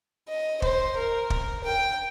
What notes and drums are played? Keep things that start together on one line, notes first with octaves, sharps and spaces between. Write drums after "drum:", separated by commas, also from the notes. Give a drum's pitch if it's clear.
D#5
C5, drum: kick
A#4
drum: kick
G5